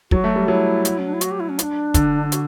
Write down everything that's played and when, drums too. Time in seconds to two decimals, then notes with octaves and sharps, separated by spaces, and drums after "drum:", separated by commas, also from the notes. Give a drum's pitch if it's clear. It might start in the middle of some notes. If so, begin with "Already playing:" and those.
0.11 F#3 F#4, drum: kick
0.24 A3
0.36 G3
0.48 F#3 E4
0.85 drum: hi-hat
0.99 C#4
1.07 D4
1.13 E4
1.21 F#4, drum: hi-hat
1.31 G4
1.40 E4
1.49 C#4
1.59 E4, drum: hi-hat
1.63 D4
1.94 D3, drum: kick, hi-hat
2.32 F#4, drum: hi-hat